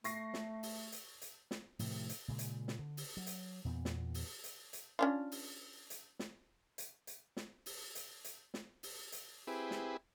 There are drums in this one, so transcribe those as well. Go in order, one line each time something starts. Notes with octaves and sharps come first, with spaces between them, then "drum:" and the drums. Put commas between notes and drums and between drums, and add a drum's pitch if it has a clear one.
A3 C#6 A#6 C7, drum: hi-hat
drum: snare
drum: open hi-hat
drum: hi-hat
drum: hi-hat
drum: snare
A2 C3 D#3 F3, drum: open hi-hat
drum: hi-hat
A#2 C#3 G#3
drum: hi-hat
drum: snare
D3
drum: open hi-hat
F#3
drum: hi-hat
E2 A#2 B3
drum: snare
drum: open hi-hat
drum: hi-hat
drum: hi-hat
C#4 D4 F4
drum: open hi-hat
drum: hi-hat
drum: snare
drum: hi-hat
drum: hi-hat
drum: snare
drum: open hi-hat
drum: hi-hat
drum: hi-hat
drum: snare
drum: open hi-hat
drum: hi-hat
C4 E4 G4 G#4 B4
drum: snare